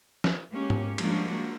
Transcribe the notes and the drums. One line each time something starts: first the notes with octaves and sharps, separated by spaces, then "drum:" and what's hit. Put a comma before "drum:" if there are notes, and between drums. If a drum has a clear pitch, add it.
drum: snare
G#3 A#3 C#4 G4
drum: tom G#2
F3 G3 G#3 A#3 D4 F#4, drum: cymbal